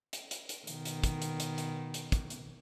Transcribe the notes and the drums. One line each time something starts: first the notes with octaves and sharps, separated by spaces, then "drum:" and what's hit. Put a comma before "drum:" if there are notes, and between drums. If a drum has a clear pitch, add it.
drum: hi-hat
drum: hi-hat
drum: hi-hat
B2 D#3, drum: hi-hat
drum: hi-hat
drum: kick, hi-hat
drum: hi-hat
drum: hi-hat
drum: hi-hat
drum: hi-hat
drum: kick, hi-hat
drum: hi-hat